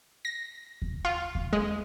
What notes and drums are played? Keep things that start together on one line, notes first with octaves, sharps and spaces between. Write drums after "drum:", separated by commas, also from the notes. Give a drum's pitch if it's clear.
A#6
drum: kick D#2
F4
drum: kick D#2
G#3